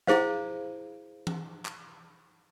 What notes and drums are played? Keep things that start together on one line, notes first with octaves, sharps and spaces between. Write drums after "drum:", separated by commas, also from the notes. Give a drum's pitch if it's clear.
E4 G#4 C5 F5, drum: snare
drum: tom E3
drum: clap